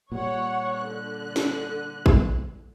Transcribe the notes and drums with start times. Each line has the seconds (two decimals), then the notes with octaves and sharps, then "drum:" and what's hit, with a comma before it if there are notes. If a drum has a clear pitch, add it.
0.12 A#2 G3 C#5 F#5
0.79 D3 F#6
1.36 drum: snare
2.06 drum: kick G#1